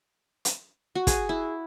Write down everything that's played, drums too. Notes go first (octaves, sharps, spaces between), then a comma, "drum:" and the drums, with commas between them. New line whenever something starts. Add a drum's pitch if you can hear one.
drum: hi-hat
F#4
G#4, drum: kick, hi-hat
E4